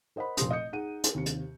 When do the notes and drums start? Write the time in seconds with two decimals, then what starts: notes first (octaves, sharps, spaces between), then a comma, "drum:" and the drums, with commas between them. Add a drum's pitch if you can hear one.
0.16 A#4 C5 D#5 F#5 B5
0.37 F1 A#2 C4 C6 D#6, drum: hi-hat
0.51 D#5 D#6 G6 C#7
0.73 D#4 G#4 F#5 D#7
1.04 drum: hi-hat
1.14 D#2 C3 C#7
1.26 drum: hi-hat